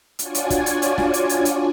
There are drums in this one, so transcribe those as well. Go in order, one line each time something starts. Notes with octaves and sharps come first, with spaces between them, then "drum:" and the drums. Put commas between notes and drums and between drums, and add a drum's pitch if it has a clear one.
D4 F4 F#4 C#5 D5 G#5, drum: hi-hat
drum: hi-hat
drum: kick, hi-hat
drum: hi-hat
drum: hi-hat
drum: snare
drum: hi-hat
drum: hi-hat
drum: hi-hat